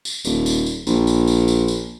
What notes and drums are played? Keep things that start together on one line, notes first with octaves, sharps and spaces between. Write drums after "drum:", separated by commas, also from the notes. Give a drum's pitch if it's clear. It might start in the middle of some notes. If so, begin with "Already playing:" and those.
drum: tambourine
D#1, drum: tambourine
drum: tambourine
drum: tambourine
A#1, drum: tambourine
drum: tambourine
drum: tambourine
drum: tambourine
drum: tambourine